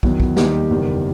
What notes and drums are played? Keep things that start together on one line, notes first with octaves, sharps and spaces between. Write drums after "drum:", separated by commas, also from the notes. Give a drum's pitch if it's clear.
E2 D#3 F#3 B3, drum: kick
drum: kick
D#2 D#3 G3 D#4 G4, drum: snare
F#1 E2 D#3 G3